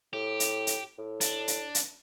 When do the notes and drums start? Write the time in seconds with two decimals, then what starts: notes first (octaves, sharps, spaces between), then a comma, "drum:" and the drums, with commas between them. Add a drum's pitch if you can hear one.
0.13 A2 G4
0.40 drum: hi-hat
0.67 drum: hi-hat
0.98 A2
1.21 D4, drum: hi-hat
1.48 drum: hi-hat
1.75 drum: hi-hat